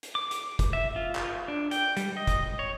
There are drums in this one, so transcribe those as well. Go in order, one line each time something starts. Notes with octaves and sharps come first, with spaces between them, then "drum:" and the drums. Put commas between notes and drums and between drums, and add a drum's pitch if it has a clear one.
drum: hi-hat
D6
drum: hi-hat
drum: kick, hi-hat
E5
F4
drum: clap
D4
G5, drum: hi-hat
G3, drum: hi-hat
D#5
drum: kick, hi-hat
C#5